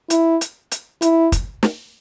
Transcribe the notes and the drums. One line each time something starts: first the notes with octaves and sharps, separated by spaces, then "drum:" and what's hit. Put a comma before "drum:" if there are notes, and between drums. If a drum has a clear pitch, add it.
E4, drum: hi-hat
drum: hi-hat
drum: hi-hat
E4, drum: hi-hat
drum: kick, hi-hat
drum: snare